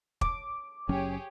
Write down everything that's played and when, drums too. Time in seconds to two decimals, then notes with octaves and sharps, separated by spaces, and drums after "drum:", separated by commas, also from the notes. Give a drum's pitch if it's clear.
0.21 D6, drum: kick
0.89 F#1 F#3 C#4 G4 G#4 C#5